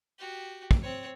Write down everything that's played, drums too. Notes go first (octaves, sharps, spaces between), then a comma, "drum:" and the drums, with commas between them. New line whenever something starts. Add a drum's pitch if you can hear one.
F#4 G4
drum: kick
C4 C#5